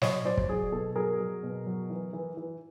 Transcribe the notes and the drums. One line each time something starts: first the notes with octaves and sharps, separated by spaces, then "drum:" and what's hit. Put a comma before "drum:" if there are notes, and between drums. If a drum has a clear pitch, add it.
F#3 C#5 D#5, drum: snare
F#3 C5 D5
drum: kick
F#3 G#4
B2 A4
F#3 G#4 A#4
F#3
B2
F#3
E3
E3
E3